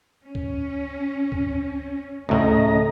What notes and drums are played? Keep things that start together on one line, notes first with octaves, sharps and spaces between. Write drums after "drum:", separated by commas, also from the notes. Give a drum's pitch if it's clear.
C#4
drum: kick C#2
drum: kick C#2
D2 A2 C#3 A3 D#5 A#5, drum: kick C#2